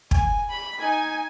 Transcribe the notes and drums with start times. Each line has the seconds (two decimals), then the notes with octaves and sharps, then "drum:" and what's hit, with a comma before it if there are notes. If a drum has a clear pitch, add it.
0.11 G#5, drum: kick
0.49 B5
0.81 D#4 G#5